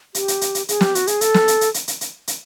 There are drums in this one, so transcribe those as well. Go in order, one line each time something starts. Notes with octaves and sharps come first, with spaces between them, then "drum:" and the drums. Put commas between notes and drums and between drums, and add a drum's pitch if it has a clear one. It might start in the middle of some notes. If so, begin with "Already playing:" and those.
G4, drum: hi-hat
drum: hi-hat
drum: hi-hat
drum: hi-hat
G#4, drum: hi-hat
G4, drum: snare
F#4, drum: hi-hat
G#4, drum: hi-hat
A4, drum: hi-hat
drum: snare
drum: hi-hat
drum: hi-hat
drum: hi-hat
drum: hi-hat
drum: hi-hat
drum: hi-hat